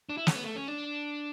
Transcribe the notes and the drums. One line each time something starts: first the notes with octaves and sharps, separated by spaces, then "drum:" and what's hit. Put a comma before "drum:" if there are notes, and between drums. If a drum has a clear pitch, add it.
D4
E4
C#4, drum: snare
B3
A3
C#4
D4